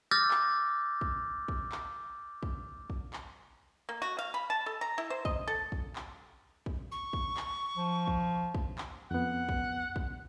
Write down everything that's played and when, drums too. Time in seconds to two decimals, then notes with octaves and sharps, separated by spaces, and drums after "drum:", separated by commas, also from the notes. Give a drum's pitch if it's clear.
0.11 D6 E6 F6 G6 A6 A#6
0.31 drum: clap
1.01 drum: kick
1.48 drum: kick
1.72 drum: clap
2.43 drum: kick
2.90 drum: kick
3.13 drum: clap
3.89 A#3
4.02 F#4
4.19 F5
4.34 B5
4.50 A5
4.66 A4
4.81 A#5
4.98 E4
5.10 C5
5.25 D#5, drum: kick
5.47 A4
5.72 drum: kick
5.96 drum: clap
6.66 drum: kick
6.92 C#6
7.13 drum: kick
7.37 drum: clap
7.77 F3
8.07 drum: kick
8.55 drum: kick
8.78 drum: clap
9.11 F2 B3 F#5
9.49 drum: kick
9.96 drum: kick